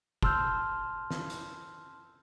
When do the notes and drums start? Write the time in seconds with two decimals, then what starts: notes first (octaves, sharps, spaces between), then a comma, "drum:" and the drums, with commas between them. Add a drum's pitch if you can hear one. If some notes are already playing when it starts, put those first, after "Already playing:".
0.22 A5 C6 E6 F6 G6, drum: kick F1
1.11 drum: snare
1.30 drum: hi-hat